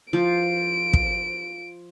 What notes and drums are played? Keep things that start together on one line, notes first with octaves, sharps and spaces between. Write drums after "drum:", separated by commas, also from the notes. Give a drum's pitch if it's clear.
F3 D7
drum: kick